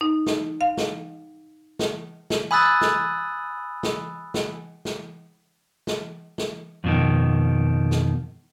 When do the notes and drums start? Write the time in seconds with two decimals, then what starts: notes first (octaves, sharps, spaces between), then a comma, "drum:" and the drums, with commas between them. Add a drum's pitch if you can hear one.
0.01 D#4
0.26 drum: snare
0.61 F5
0.77 drum: snare
1.79 drum: snare
2.30 drum: snare
2.51 G#5 B5 D#6 E6 F#6 A6
2.81 drum: snare
3.83 drum: snare
4.34 drum: snare
4.85 drum: snare
5.87 drum: snare
6.38 drum: snare
6.84 F2 B2 D#3
7.91 drum: snare